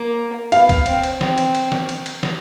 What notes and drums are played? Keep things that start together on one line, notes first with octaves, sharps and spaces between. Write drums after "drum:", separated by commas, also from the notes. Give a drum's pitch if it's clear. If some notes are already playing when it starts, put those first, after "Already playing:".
Already playing: A#3
B3 F5, drum: cymbal
drum: kick, cymbal
C4, drum: cymbal
drum: cymbal
C4, drum: snare
drum: cymbal
drum: cymbal
drum: snare
drum: cymbal
drum: cymbal
drum: snare